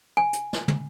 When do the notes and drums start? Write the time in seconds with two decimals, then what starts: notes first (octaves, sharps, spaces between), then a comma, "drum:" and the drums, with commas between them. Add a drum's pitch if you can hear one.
0.17 G#5
0.33 drum: hi-hat
0.53 drum: snare
0.68 drum: tom